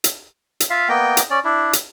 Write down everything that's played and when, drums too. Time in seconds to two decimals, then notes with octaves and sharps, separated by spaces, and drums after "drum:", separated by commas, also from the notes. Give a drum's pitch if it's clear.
0.04 drum: hi-hat
0.60 drum: hi-hat
0.70 F4 E5 F5
0.89 A#3 B3 D#5 G5
1.17 drum: hi-hat
1.30 C#4 D5
1.44 D4 E4
1.73 drum: hi-hat